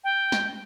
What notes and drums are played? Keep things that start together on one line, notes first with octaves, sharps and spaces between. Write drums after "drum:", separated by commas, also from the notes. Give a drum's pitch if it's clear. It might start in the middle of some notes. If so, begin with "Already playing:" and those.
G5
drum: snare